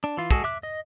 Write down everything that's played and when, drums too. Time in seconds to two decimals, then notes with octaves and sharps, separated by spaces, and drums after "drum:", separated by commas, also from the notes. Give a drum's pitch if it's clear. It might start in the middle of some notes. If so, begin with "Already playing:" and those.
0.04 D4
0.17 E3 F4
0.31 G#3 F#4 G#4 A4, drum: kick, hi-hat
0.44 E5 D6 F#6
0.63 D#5